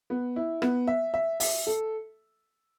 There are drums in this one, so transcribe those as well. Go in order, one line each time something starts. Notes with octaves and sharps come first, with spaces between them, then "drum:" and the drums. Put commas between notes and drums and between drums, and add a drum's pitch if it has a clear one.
B3
E4
B3, drum: rim click
E5
E5
E5, drum: open hi-hat
A4